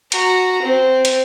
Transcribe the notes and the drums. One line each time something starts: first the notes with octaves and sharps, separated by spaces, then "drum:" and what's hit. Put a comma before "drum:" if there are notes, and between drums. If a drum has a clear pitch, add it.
F#4 A#5, drum: hi-hat
C4
drum: hi-hat